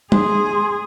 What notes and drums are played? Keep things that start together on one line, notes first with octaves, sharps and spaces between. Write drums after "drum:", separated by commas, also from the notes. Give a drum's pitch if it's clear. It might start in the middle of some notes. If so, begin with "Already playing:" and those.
G#4 C6, drum: tom G3